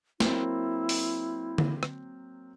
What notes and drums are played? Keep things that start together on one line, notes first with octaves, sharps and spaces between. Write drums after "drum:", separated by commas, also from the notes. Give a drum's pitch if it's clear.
F#3 A#3 C4 E4, drum: snare
drum: open hi-hat
drum: tom D3
drum: rim click